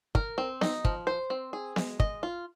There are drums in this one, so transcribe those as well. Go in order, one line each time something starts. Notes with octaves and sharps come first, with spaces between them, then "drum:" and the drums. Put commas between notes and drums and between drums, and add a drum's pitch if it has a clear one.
A#4, drum: kick
C4
D#4, drum: snare B3
F3, drum: kick
C5
C4
G#4
G#3, drum: snare B3
D#5, drum: kick
F4